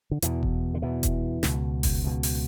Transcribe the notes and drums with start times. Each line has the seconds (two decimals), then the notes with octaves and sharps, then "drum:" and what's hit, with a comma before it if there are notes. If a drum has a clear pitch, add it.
0.11 D3
0.22 E2 B2 E3, drum: hi-hat
0.43 drum: kick F1
0.74 D3
0.82 E2 B2 E3
1.03 drum: kick F1, hi-hat
1.43 C#2 B2, drum: snare
1.83 drum: kick F1, open hi-hat
2.04 C#2 B2
2.23 drum: open hi-hat